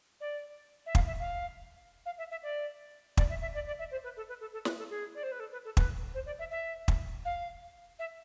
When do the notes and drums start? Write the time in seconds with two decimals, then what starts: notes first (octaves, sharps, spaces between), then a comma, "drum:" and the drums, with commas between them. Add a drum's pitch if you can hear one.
0.21 D5
0.86 E5
0.95 F5, drum: kick
1.07 E5
1.20 F5
2.06 F5
2.18 E5
2.31 E5
2.43 D5
3.17 D5, drum: kick
3.30 E5
3.41 E5
3.54 D5
3.67 D5
3.79 E5
3.91 C5
4.04 B4
4.17 A4
4.28 B4
4.41 A4
4.53 A4
4.65 B4, drum: snare
4.78 A4
4.90 G#4
5.15 D5
5.23 C5
5.32 B4
5.40 A4
5.52 B4
5.65 A4
5.77 B4, drum: kick
6.14 C5
6.26 D5
6.39 E5
6.51 E5
6.88 drum: kick
7.25 F5
7.99 E5